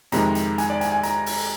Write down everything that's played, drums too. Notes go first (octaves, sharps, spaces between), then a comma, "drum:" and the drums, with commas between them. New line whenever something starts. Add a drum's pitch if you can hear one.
F2 C3 D#3 G#3 A#5, drum: hi-hat
drum: hi-hat
G#5, drum: hi-hat
D5
G#5, drum: hi-hat
G#5
A#5, drum: hi-hat
drum: open hi-hat